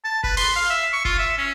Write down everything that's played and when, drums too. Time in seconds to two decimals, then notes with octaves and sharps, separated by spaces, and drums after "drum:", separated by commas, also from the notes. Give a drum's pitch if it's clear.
0.05 A5
0.24 B4, drum: kick F1
0.37 C6, drum: open hi-hat
0.56 F5
0.70 E5
0.93 C#6
1.05 F4, drum: kick F1
1.19 E5
1.38 C#4